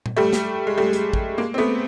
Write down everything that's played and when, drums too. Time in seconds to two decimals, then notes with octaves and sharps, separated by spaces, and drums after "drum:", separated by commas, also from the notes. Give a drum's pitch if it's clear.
0.06 drum: tom A#2
0.17 G3 A3
0.33 drum: snare
0.67 G#3
0.78 G3 A3
0.93 drum: hi-hat
1.13 drum: kick
1.38 G#3 A#3
1.54 C4
1.58 A3 B3